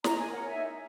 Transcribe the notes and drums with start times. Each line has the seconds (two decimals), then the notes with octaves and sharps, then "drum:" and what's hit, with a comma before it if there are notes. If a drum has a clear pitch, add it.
0.04 D#4 A#5, drum: snare
0.18 G#5
0.28 A#4 C#5 F#5
0.45 E5 G#5
0.52 D#4